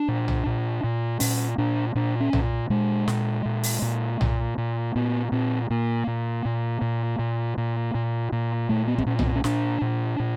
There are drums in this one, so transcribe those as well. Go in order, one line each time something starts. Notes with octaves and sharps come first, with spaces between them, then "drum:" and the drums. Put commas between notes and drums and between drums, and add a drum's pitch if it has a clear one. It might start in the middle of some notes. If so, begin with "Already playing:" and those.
Already playing: D4
A#2
drum: tom B1
A#2
A#2
A#2 C#4, drum: open hi-hat
A#2 D4
A#2 D4
C#4
A#2, drum: tom B1
A#2 G#3
A#2, drum: snare
A#2
drum: open hi-hat
A#2
A#2, drum: tom B1
A#2
A#2 B3
A#2 C4
A#2 A#3
A#2
A#2
A#2
A#2
A#2
A#2
A#2
A#2 A3
B3
C4, drum: kick
A#2 C#4
B3, drum: tom B1
C4
C#4
A#2 D4, drum: snare
A#2
A#2